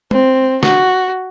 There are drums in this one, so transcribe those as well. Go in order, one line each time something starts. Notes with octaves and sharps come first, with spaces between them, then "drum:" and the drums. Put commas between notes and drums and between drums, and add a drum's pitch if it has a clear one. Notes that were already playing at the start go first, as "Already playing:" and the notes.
C4, drum: tom
F#4, drum: snare